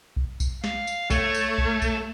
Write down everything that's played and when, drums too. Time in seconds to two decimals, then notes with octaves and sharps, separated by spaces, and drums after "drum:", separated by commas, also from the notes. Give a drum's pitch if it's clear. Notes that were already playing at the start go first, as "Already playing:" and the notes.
0.16 drum: kick B1
0.40 drum: kick B1, tambourine
0.64 F5, drum: snare
0.87 drum: tambourine
1.10 A3 C#5, drum: kick B1, tambourine
1.35 drum: tambourine
1.58 drum: kick B1
1.82 drum: kick B1, tambourine